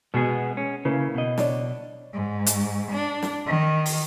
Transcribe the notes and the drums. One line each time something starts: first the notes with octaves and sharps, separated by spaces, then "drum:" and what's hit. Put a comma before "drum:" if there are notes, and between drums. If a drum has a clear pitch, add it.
B2 G#3 B3 G#4
G#3 C#4
C#3 A#3 E4 B4
B2 D#5
D4 C#5 D5, drum: snare
G#2
drum: hi-hat
D4
drum: snare
D#3
drum: open hi-hat